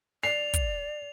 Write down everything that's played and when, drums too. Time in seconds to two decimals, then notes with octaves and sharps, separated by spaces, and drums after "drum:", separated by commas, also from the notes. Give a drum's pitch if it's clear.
0.23 D5 C7 F7
0.54 drum: kick, hi-hat